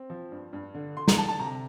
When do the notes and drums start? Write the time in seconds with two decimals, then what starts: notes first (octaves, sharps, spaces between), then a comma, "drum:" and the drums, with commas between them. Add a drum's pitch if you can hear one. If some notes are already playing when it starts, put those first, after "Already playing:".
Already playing: C4
0.10 F3
0.32 G2
0.53 G2
0.75 D3
0.97 D3 C6
1.08 A#5, drum: snare
1.18 D3 A5
1.29 A5
1.39 C3 A#5